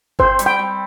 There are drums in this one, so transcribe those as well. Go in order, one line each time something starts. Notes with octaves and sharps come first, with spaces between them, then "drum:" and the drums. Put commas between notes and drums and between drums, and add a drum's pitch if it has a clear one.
C4 C5, drum: kick G1
G3, drum: hi-hat
G5
G3